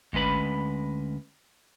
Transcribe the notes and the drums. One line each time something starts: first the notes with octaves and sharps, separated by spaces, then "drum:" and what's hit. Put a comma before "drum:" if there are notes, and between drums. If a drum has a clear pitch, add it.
D2 G#3 C#4 B4 B5, drum: kick G#1